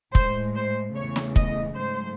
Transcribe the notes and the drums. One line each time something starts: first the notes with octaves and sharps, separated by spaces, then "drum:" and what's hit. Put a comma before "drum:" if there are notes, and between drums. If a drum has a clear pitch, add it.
A2 G#3 C5, drum: kick
C5
E2 C#3 E3 A3 C#5
drum: snare
D#5, drum: kick
G#2 F#3 A3 C5